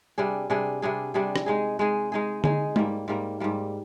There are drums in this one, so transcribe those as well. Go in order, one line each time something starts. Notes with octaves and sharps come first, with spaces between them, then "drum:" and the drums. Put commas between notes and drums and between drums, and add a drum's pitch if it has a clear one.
C3 G3 D4 G#4
C3 G3 D4 G#4
C3 G3 D4 G#4
C3 G3 D4 G#4
drum: rim click
G#3 D#4 G#4
G#3 D#4 G#4
G#3 D#4 G#4
G#3 D#4 G#4, drum: tom D3
G#2 G3 A#3, drum: tom G#3
G#2 G3 A#3
G#2 G3 A#3